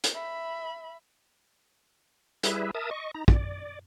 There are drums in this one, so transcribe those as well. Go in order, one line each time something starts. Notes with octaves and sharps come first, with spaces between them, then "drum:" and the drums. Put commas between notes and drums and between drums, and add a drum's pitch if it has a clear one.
drum: hi-hat
E5 B5
G3 E4 G#4 B4 E5, drum: hi-hat
A#4 E5 A5 D#6
D#5 C#6
D#4 A#5
D5, drum: kick